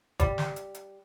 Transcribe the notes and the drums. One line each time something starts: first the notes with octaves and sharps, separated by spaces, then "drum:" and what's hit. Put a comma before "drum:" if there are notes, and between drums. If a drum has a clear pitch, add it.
G3, drum: kick, hi-hat
drum: snare
drum: hi-hat
drum: hi-hat